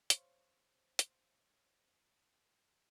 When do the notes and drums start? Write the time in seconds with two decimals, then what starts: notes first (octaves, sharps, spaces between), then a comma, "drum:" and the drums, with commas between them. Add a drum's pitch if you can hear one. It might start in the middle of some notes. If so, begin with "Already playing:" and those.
0.10 C5 C#5 F5 C6 C#6, drum: hi-hat
0.99 drum: hi-hat